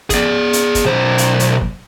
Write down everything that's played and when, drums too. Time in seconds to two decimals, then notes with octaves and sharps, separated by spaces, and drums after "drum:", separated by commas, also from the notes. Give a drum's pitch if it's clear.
0.10 G#4 D5, drum: kick, hi-hat
0.53 drum: hi-hat
0.75 drum: kick, hi-hat
0.85 B1 C5
1.18 drum: hi-hat
1.40 drum: hi-hat
1.61 drum: kick